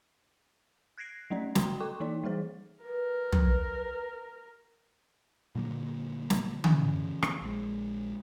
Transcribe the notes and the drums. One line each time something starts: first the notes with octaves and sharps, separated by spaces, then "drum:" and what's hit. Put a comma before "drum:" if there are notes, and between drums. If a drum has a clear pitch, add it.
F#6 G#6 A#6 C7 D7
F#3 A3 C#4 D5
F#4 G5 A#5 C6, drum: snare
A4 G5 C#6 D6
E3 A#3 D#4 D5
E3 G3 G#4 C5
A#4 B4
drum: tom
A#2 D3 F#3 A#3
drum: snare
C#3 E3 C#4, drum: tom D3
drum: rim click
A#1 G#3